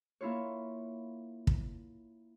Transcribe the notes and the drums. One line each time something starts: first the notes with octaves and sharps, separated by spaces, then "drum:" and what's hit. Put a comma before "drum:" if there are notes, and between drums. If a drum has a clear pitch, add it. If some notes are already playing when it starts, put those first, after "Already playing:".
A#3 E4 F4 C#5
drum: kick